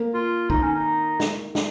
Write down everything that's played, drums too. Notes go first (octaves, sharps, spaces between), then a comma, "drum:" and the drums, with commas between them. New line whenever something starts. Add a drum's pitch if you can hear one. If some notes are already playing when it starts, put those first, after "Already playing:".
Already playing: A#3
F4
D#3 D#4, drum: kick
C#4
D#4
drum: snare
drum: snare